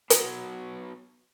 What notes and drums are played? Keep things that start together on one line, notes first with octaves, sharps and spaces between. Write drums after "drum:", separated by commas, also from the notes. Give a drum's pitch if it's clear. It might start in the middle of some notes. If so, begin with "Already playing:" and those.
B2 F#3, drum: hi-hat